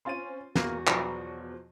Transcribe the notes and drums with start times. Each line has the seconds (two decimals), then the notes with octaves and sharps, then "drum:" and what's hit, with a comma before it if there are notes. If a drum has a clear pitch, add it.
0.05 C4 C#4 F4 C6 A6 D#7
0.55 E2 A#3 B3 F#4, drum: snare
0.87 B2 F3 F#3 B4 D5 A#5, drum: clap